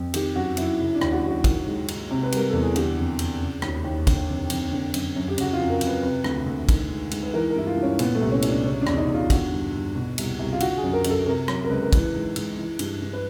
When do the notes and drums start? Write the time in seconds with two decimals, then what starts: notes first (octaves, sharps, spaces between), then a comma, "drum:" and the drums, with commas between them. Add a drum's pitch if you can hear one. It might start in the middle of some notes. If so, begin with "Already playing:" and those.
Already playing: F2
0.14 D#3 G4, drum: cymbal
0.36 F#2 F#4
0.57 F#2 E4, drum: cymbal
0.79 C#3 E4
0.95 D4
1.01 D#2, drum: rim click
1.12 F#4
1.23 D#2
1.28 F#4
1.44 D#3, drum: kick, cymbal
1.66 G#2
1.88 G#2, drum: cymbal
2.10 C3
2.23 B4
2.32 G3 A#4, drum: cymbal
2.50 E2 A4
2.62 G#4
2.76 D3 G4, drum: cymbal
2.97 F2
3.19 F2, drum: cymbal
3.41 C#3
3.62 D#2, drum: rim click
3.84 D#2
4.07 D3, drum: kick, cymbal
4.29 F2
4.50 F2, drum: cymbal
4.72 D3
4.94 F#2, drum: cymbal
5.16 F#2
5.28 G4
5.38 C#3 F#4, drum: cymbal
5.53 F4
5.59 F2
5.70 A#4
5.81 F2, drum: cymbal
5.86 B4
6.02 C3 B4
6.24 D2, drum: rim click
6.46 D2
6.69 D#3, drum: kick, cymbal
6.90 G#2
7.11 G#2, drum: cymbal
7.23 B4
7.33 E3 A#4
7.50 A#4
7.56 G2 E4
7.67 F4
7.77 G2
7.83 C#4
7.99 A#2 B3, drum: cymbal
8.15 A3
8.21 C2
8.32 C#4
8.42 C2 C#4, drum: cymbal
8.48 D4
8.65 C#3 C#4
8.81 D4
8.87 E2, drum: rim click
8.92 D4
8.97 D#4
9.08 E2
9.14 F4
9.30 D3 F#4, drum: kick, cymbal
9.52 G2
9.74 G2
9.95 B2
10.18 C2, drum: cymbal
10.39 C2
10.53 F4
10.60 D3 F#4, drum: cymbal
10.77 G#4
10.83 F#2
10.93 A#4
11.04 F#2, drum: cymbal
11.10 A4
11.26 C3 A#4
11.48 F#3, drum: rim click
11.64 A#4
11.70 C#2 B4
11.83 A#4
11.93 E3 B4, drum: kick, cymbal
12.14 G#2
12.36 G#2, drum: cymbal
12.58 E3
12.79 G2, drum: cymbal
13.02 G2
13.13 B4